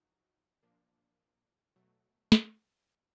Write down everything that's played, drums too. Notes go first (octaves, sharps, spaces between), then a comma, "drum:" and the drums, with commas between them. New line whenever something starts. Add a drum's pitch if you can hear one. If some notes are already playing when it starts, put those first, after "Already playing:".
Already playing: F3 D#4 F#4
A#2 F3 A#3 D4
B2 F#3 A3
drum: snare